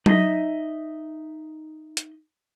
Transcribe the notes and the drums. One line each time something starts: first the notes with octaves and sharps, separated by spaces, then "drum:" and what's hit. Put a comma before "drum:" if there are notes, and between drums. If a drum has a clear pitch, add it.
D#4 F4 G#4 D#5 E5, drum: tom F#3
drum: hi-hat